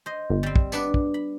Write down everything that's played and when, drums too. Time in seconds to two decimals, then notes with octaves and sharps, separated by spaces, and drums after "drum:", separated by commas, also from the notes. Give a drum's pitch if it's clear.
0.06 C5 D#5
0.30 G1
0.43 G3 C4
0.56 drum: kick
0.72 B3 D4 B4, drum: tambourine
0.94 drum: kick
1.14 B5